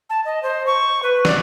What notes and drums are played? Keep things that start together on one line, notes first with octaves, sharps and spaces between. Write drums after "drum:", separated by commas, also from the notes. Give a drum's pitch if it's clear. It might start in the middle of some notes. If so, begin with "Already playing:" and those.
A5
D#5
C5
C#6
B4
D5, drum: snare